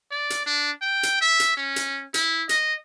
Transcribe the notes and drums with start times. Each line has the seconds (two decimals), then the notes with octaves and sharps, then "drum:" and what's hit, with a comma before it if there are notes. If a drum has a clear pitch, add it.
0.12 D5
0.30 drum: hi-hat
0.46 D4
0.81 G5
1.03 drum: hi-hat
1.21 E5
1.40 drum: hi-hat
1.57 C#4
1.76 drum: hi-hat
2.14 E4, drum: hi-hat
2.49 D#5, drum: hi-hat